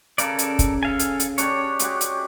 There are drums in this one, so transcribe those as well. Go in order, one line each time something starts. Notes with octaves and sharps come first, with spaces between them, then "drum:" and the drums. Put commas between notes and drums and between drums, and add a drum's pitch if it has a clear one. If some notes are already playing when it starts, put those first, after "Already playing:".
C#3 A4 A#4 D5, drum: hi-hat
drum: hi-hat
drum: kick, hi-hat
A4 F5 G#5
drum: hi-hat
drum: hi-hat
C#4 D4 G4 C#5, drum: hi-hat
G#3 F#4 G4, drum: hi-hat
drum: hi-hat